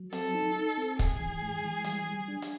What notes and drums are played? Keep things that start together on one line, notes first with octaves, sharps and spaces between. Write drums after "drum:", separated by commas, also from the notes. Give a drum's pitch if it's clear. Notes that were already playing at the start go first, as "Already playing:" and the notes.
Already playing: F#3
C4 A4, drum: hi-hat
D#4
D#4
C4
G#2 G#4, drum: kick C#1, hi-hat
E3
G#3
E3
G3, drum: hi-hat
G3
D4
drum: hi-hat